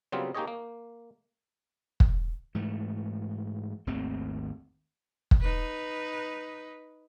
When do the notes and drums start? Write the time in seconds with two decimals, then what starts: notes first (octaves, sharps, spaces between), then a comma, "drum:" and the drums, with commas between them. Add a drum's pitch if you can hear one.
0.12 C#3 F#3 G3 B3 C4 F4
0.35 A#3 D#4 G4 G#4 C#5 D#5
0.48 A#3
2.00 drum: kick
2.55 G#2 E3 A3
3.87 G#1 D#2 A3 C4
5.31 drum: kick
5.41 D#4 B4